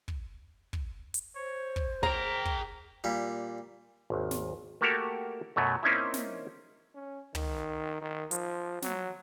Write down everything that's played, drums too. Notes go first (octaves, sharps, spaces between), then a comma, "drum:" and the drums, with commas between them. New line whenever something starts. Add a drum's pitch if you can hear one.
drum: kick
drum: kick
drum: hi-hat
C5 C#5
drum: kick
G#4 A#4 G5 A#5, drum: kick
drum: kick
A#2 G3
G#1 D#2
drum: snare
A3 A#3 F#4 G4 A4 A#4
F#2 B2 F#3 A3
A#3 C4 C#4 D#4 E4
drum: snare
C#4
D#3, drum: tom
D#3
F3, drum: hi-hat
F#3, drum: snare